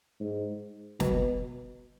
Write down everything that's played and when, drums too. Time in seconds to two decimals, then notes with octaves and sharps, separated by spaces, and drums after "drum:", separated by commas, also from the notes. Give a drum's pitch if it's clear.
0.20 G#2
1.00 B2, drum: snare